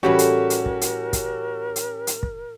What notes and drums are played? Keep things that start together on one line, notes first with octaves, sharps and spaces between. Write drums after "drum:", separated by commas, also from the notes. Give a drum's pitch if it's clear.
A2 E3 G3 C#4 F#4 G4 A#4
drum: hi-hat
drum: hi-hat
drum: kick
drum: hi-hat
drum: kick, hi-hat
drum: hi-hat
drum: hi-hat
drum: kick